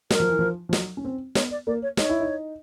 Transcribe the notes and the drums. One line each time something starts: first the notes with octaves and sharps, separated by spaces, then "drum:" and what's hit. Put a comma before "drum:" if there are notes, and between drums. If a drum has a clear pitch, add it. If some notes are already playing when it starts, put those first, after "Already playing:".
F#3 A#4, drum: snare
F3
E3
F3
F3
F#3, drum: snare
C#4
C4
B3 C#5, drum: snare
D5
A#3 D5
C#5
D#4 C#5, drum: snare
E4
D#4